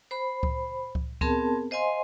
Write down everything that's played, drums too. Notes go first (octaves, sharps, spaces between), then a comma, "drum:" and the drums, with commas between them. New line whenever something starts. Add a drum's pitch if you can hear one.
C5 B5
drum: kick C#2
drum: kick C#2
B3 C4 G#4 A#4 A5, drum: kick C#2
C5 D#5 F5 G#5 C6